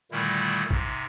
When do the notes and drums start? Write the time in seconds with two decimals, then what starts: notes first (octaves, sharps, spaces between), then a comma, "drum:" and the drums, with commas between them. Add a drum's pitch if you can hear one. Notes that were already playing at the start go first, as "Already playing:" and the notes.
0.12 A#2 D3 D#3 G3 A3 E4
0.71 G#2 C3, drum: kick A1